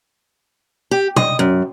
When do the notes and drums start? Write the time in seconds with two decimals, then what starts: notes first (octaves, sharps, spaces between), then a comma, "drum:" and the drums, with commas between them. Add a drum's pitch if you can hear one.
0.91 G4
1.16 D#5, drum: tom
1.39 F#2